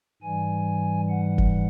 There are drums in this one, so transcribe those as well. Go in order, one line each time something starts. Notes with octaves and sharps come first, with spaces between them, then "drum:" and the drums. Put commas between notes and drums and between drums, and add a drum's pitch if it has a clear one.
G#2 E3 G3 G#5
F#5
drum: kick